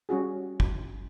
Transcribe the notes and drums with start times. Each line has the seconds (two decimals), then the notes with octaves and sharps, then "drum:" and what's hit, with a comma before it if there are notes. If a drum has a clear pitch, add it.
0.09 G3 C#4 F#4 G#4
0.60 drum: kick